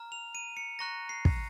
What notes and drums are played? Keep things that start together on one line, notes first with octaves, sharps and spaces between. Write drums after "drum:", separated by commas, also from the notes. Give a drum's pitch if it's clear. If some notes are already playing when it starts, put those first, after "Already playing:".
Already playing: A#5 F6
F7
D#7
C#7
A#5 C#6 F#6 A#6
C7
drum: kick